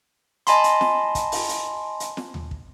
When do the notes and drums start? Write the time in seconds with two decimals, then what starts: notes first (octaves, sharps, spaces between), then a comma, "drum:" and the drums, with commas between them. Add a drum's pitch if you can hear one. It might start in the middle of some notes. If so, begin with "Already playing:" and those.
0.47 D#5 G#5 A5 B5 C6, drum: hi-hat
0.64 drum: hi-hat
0.81 drum: snare
1.15 drum: kick, hi-hat
1.32 drum: open hi-hat
1.49 drum: hi-hat
2.00 drum: hi-hat
2.17 drum: snare
2.34 drum: tom D#2
2.51 drum: kick